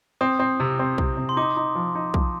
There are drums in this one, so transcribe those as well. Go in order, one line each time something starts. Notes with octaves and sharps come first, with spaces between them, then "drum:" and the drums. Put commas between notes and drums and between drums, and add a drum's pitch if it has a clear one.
C4 D#6
C4
C3
C4
C3, drum: kick
C3
C6
D#4 D6
D#4
F3
D#4
F3, drum: kick